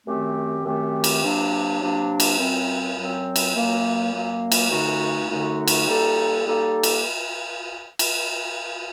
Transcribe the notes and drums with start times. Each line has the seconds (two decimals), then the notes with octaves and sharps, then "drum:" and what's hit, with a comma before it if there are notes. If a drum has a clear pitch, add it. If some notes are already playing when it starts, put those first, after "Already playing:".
0.07 F#2 D#3 A3 C4 G4
0.65 F#2 D#3 A3 C4 G4
1.04 drum: cymbal
1.23 C3 F#3 A#3 D4
1.81 C3 F#3 A#3 D4
2.20 drum: cymbal
2.39 F#2 F#3 C4
2.97 F#2 F#3 C4
3.36 drum: cymbal
3.55 F#2 F#3 A#3
4.13 F#2 F#3 A#3
4.52 drum: cymbal
4.70 F#2 D3 A3 D#4 F#4
5.29 F#2 D3 A3 D#4 F#4
5.67 drum: cymbal
5.87 G3 A#3 D#4 A4
6.45 G3 A#3 D#4 A4
6.83 drum: cymbal
7.99 drum: cymbal